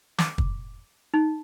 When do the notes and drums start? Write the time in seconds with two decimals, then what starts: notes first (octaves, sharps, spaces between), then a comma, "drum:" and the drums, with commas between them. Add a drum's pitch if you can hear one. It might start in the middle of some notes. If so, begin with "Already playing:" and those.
0.19 D6, drum: snare
0.38 drum: kick
1.14 D#4